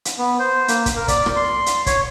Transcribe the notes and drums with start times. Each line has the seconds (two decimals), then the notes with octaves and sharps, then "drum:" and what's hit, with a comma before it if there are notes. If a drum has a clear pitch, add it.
0.05 drum: hi-hat
0.18 B3
0.40 C5
0.68 A#3, drum: hi-hat
0.86 drum: kick, hi-hat
0.96 A#4
1.08 D5, drum: kick, hi-hat
1.26 drum: rim click
1.36 C6
1.66 drum: hi-hat
1.86 C#5, drum: kick, hi-hat